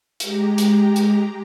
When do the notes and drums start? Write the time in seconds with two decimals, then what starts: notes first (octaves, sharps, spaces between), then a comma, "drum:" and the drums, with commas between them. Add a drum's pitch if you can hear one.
0.20 G#3 G4 A#5, drum: hi-hat
0.58 drum: hi-hat
0.96 drum: hi-hat